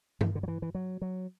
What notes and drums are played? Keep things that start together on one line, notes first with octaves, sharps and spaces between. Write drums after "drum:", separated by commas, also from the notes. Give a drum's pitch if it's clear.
E3, drum: tom G2
D3
F#3
E3
E3
F#3
F#3